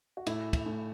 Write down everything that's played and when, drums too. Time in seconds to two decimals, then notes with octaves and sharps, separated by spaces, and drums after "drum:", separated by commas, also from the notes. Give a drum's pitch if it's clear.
0.17 F#4
0.27 A2 E4, drum: cymbal
0.53 drum: kick, cymbal
0.66 A2